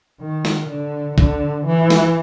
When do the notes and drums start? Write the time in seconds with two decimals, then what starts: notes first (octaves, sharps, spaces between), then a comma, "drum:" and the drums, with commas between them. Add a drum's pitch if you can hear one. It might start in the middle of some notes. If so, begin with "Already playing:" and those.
0.21 D#3
0.45 drum: snare
0.68 D3
1.18 D3, drum: kick
1.66 E3
1.90 drum: snare